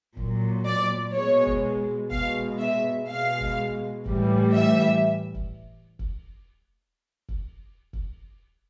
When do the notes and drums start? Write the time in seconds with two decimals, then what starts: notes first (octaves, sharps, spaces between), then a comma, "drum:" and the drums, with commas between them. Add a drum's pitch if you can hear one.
0.17 A#2 F#3, drum: kick
0.65 D5
1.14 B2 G#3 C#5
1.47 drum: kick
2.11 B2 G#3 F5, drum: kick
2.60 E5
3.08 B2 G#3 F5
3.41 drum: kick
4.05 A2 E3 G3, drum: kick
4.54 E5
5.35 drum: kick
5.99 drum: kick
7.29 drum: kick
7.93 drum: kick